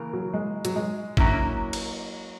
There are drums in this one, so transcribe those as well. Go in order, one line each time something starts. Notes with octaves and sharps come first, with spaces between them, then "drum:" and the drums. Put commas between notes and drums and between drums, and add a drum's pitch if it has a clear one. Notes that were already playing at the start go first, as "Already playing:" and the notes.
Already playing: C#3 E3 A#3 A#4
F#3
G#3
F#3, drum: hi-hat
G#3
F#3 A#3 C#4 E4, drum: kick G1
drum: cymbal